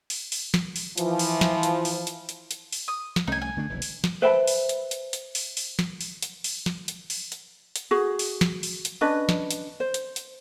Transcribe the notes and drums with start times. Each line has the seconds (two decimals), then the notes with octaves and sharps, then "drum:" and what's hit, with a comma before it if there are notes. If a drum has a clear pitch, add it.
0.10 drum: open hi-hat
0.32 drum: open hi-hat
0.54 drum: snare
0.76 drum: open hi-hat
0.98 E3 F3, drum: hi-hat
1.19 drum: open hi-hat
1.41 drum: snare
1.63 drum: hi-hat
1.85 drum: open hi-hat
2.07 drum: hi-hat
2.29 drum: hi-hat
2.51 drum: hi-hat
2.73 drum: open hi-hat
2.88 D#6
3.16 drum: snare
3.28 C2 A3 C#4 D#4 G#5
3.42 G#5
3.57 D3 A3 D4
3.69 F1 B1 E3
3.82 drum: open hi-hat
4.04 drum: snare
4.22 B4 C5 E5 G5 A5 B5
4.47 drum: open hi-hat
4.69 drum: hi-hat
4.91 drum: hi-hat
5.13 drum: hi-hat
5.35 drum: open hi-hat
5.57 drum: open hi-hat
5.79 drum: snare
6.01 drum: open hi-hat
6.22 drum: hi-hat
6.44 drum: open hi-hat
6.66 drum: snare
6.88 drum: hi-hat
7.10 drum: open hi-hat
7.32 drum: hi-hat
7.76 drum: hi-hat
7.91 F#4 G#4
8.19 drum: open hi-hat
8.41 drum: snare
8.63 drum: open hi-hat
8.85 drum: hi-hat
9.01 C#4 D4 B4 D#5
9.29 drum: snare
9.51 drum: hi-hat
9.80 C5
9.94 drum: hi-hat
10.16 drum: hi-hat